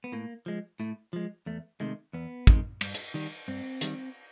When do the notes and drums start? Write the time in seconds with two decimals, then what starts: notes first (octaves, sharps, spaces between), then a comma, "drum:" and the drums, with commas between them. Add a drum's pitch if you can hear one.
0.04 B3
0.12 A2 A#3
0.46 F3 G#3
0.80 A2 A3
1.13 F3 G#3
1.46 E2 A3
1.80 C3 D#3 G#3 A3
2.13 E2 B3
2.47 C3 D#3 G#3, drum: kick
2.81 G2, drum: cymbal
2.94 drum: hi-hat
3.14 D#3 G3
3.48 G2 C4
3.81 D#3 G3, drum: hi-hat